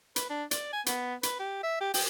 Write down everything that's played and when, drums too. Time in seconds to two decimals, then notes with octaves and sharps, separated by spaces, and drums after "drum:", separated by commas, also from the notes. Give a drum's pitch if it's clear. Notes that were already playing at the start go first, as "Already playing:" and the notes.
0.16 B4, drum: hi-hat
0.30 D4
0.51 D5, drum: hi-hat
0.72 G#5
0.86 B3, drum: hi-hat
1.23 B4, drum: hi-hat
1.39 G4
1.63 E5
1.80 G4
1.94 G5, drum: open hi-hat